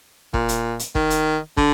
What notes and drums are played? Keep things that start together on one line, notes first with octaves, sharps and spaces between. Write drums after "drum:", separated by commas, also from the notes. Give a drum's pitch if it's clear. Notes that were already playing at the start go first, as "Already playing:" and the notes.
A#2, drum: kick
drum: hi-hat
drum: hi-hat
D#3, drum: kick
drum: hi-hat
D3, drum: kick